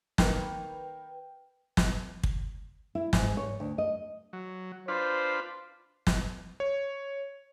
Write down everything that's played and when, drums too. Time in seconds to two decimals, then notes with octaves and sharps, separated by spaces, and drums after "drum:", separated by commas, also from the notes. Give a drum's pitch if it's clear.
0.18 D#3 A#3 B4 G5, drum: snare
1.77 drum: snare
2.23 drum: kick
2.95 E4
3.13 G#2, drum: snare
3.37 C#5
3.60 D2
3.78 D#5
4.33 F#3
4.88 D4 F4 B4 C5
6.07 drum: snare
6.60 C#5